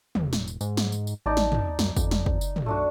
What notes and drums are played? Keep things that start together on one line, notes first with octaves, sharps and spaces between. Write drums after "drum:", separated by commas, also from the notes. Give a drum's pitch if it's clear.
E1, drum: tom
drum: snare
drum: tambourine
G#2, drum: tambourine
drum: snare
drum: tambourine
drum: tambourine
A1 D#4 D5 A5
drum: snare
drum: tom
F#2, drum: snare
F2, drum: kick, tambourine
drum: snare
drum: kick
drum: tambourine
drum: tom
B1 A3 D4 F#4